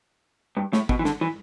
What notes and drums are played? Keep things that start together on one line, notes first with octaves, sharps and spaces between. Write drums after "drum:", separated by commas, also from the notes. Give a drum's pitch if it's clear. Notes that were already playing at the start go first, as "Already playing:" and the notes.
G2
A2, drum: snare
B2, drum: kick G#1
E3
D3, drum: snare
E3